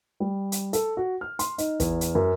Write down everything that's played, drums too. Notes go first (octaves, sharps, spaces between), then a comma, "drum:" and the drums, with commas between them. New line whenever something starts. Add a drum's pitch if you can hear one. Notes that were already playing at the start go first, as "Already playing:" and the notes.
G3
drum: hi-hat
A4, drum: hi-hat
F#4
F6
C6, drum: hi-hat
D#4, drum: hi-hat
E2, drum: kick, hi-hat
drum: hi-hat
F#2